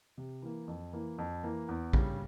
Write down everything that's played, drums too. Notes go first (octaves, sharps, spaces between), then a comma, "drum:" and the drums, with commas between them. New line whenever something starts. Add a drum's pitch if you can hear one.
C3
E3 A#3
F2
E3 A#3
F2
E3 A#3
E2
C#3 G3, drum: kick A#1